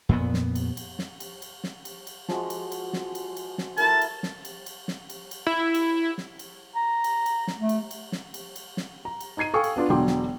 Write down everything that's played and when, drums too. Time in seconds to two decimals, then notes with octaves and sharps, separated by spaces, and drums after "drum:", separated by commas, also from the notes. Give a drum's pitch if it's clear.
0.09 F2 A#2 B3
0.34 drum: snare
0.55 drum: cymbal
0.77 drum: cymbal
0.99 drum: snare
1.20 drum: cymbal
1.42 drum: cymbal
1.64 drum: snare
1.85 drum: cymbal
2.07 drum: cymbal
2.28 F3 G#3 F#4, drum: snare
2.50 drum: cymbal
2.72 drum: cymbal
2.93 drum: snare
3.15 drum: cymbal
3.37 drum: cymbal
3.58 drum: snare
3.78 A3 E4 A#4 A5, drum: cymbal
4.01 drum: cymbal
4.23 drum: snare
4.45 drum: cymbal
4.66 drum: cymbal
4.88 drum: snare
5.10 drum: cymbal
5.31 drum: cymbal
5.47 E4
5.74 drum: cymbal
6.18 drum: snare
6.39 drum: cymbal
6.76 A#5
7.04 drum: cymbal
7.26 drum: cymbal
7.47 drum: snare
7.59 A3
7.69 drum: cymbal
7.91 drum: cymbal
8.12 drum: snare
8.34 drum: cymbal
8.56 drum: cymbal
8.77 drum: snare
9.05 A#5
9.20 drum: cymbal
9.37 D#4 A#5 G#6 C7 D#7
9.54 A4 F5 G5 G#5 C#6 D#6
9.64 drum: cymbal
9.76 B3 D4 F4
9.90 E1 D3 F#3 G5 C6 D6
10.07 drum: snare